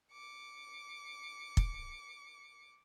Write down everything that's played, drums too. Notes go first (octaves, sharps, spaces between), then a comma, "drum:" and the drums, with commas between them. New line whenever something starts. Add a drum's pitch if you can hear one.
D6 C#7
drum: kick